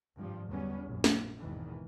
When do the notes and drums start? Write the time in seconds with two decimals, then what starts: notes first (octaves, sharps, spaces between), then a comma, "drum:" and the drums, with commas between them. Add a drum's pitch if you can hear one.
0.15 G#1 G2 F3 G3
0.48 G1 E2 F#3 G3 B3 C#4
0.84 A#1 F#2
1.04 drum: snare
1.39 G#1 E2 G#2 B2 D#3 E3